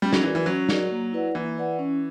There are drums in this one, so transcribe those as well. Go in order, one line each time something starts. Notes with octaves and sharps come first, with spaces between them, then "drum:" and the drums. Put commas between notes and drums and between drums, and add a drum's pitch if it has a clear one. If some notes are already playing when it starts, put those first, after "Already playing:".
G3 C#4
F#3, drum: snare
E3 F#4 A#4 D5
E3
F#3 C#4
F#4 A#4 D5, drum: snare
A#3
E4 B4 D5 F#5
E3 A#3
E4 B4 D5 F#5
C#4